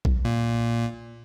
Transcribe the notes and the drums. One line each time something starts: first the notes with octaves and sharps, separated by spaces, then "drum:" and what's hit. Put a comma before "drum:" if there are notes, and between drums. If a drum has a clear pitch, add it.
drum: kick B1
A#2